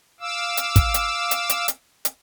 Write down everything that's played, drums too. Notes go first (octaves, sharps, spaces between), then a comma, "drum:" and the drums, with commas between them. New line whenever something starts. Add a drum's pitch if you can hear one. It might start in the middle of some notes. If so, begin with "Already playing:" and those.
F5 D6 E6
drum: hi-hat
drum: kick, hi-hat
drum: hi-hat
drum: hi-hat
drum: hi-hat
drum: hi-hat
drum: hi-hat